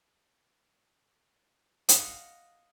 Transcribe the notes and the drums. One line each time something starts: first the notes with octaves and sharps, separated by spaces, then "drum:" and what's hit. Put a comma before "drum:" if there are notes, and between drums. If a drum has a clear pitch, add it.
D#5 F5 F#5, drum: hi-hat